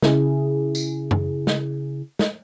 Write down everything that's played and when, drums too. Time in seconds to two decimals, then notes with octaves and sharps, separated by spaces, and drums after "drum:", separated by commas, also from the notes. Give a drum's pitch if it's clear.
0.02 C#3 E4 G#4, drum: snare
0.75 drum: tambourine
1.11 drum: tom F#2
1.47 drum: snare
2.19 drum: snare